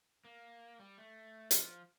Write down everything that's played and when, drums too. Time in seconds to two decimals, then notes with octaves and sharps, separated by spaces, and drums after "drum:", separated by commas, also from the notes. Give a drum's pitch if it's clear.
0.25 A#3
0.80 G3
0.98 A3
1.51 F3, drum: hi-hat